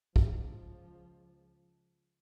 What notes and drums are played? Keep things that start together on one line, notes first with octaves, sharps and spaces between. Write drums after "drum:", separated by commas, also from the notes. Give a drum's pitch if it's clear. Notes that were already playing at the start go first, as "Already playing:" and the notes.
C#2 F3, drum: kick